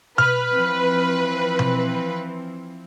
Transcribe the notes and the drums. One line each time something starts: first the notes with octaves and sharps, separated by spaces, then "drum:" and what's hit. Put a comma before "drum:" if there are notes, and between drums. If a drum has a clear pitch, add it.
B4 F6, drum: tom B2
E3 F3 C4
drum: tom B2